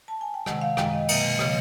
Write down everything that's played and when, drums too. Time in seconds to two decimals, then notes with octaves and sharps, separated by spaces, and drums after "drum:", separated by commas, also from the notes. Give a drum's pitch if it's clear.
0.08 A5
0.21 G#5
0.34 G5
0.46 C3 D#3 G#3 F#5, drum: rim click
0.61 F5
0.77 F#2 D#3 G#3 G5, drum: rim click
0.93 D#5
1.09 B2 F#3 A#3 E5, drum: cymbal
1.39 C#3 F3 D#5, drum: rim click